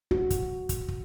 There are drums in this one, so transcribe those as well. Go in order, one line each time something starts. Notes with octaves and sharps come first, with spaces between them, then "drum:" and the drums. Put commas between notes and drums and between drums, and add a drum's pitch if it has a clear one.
F#4, drum: kick
drum: kick, hi-hat
drum: kick, hi-hat
drum: kick